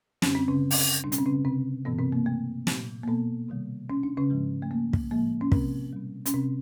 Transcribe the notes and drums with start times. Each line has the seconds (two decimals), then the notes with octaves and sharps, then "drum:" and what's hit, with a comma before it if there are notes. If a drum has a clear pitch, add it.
0.22 F#2 D3 G3 C#4, drum: snare
0.35 C4
0.48 C#3 C#4
0.71 drum: open hi-hat
1.04 B2 G3 D4
1.12 C#4, drum: hi-hat
1.18 C4
1.26 C#3 C#4
1.45 C3 C4
1.85 G2 B2 E3 A3 B3
1.99 C3 C4
2.12 A#3
2.26 A3
2.67 A#2 F#3 A3, drum: snare
3.03 A#3
3.08 B2 B3
3.49 C3 D#3 G3
3.90 C#4
4.03 D4
4.17 C#3 C#4
4.30 G#2 F3 G#3
4.62 A3
4.71 A#3
4.93 drum: kick
5.11 A2 F3 G#3 A#3
5.41 C#4
5.52 C3 C4, drum: kick
5.93 B2 G3
6.26 C#4, drum: hi-hat
6.34 C3 C4